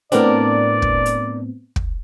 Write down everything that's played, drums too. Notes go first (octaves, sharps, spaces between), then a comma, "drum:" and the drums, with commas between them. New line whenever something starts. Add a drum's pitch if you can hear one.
A2 B3 C4 D4 A#4 D5, drum: hi-hat
drum: kick
drum: hi-hat
drum: kick